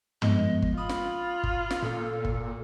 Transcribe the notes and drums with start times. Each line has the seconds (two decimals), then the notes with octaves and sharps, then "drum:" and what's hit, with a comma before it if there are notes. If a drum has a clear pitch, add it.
0.22 F3 G#3 B3 D#5, drum: tom
0.62 drum: kick G1
0.78 F4 B5 D#6
0.89 drum: snare
1.43 drum: kick G1
1.71 drum: snare
1.82 A#2 A4
2.25 drum: kick G1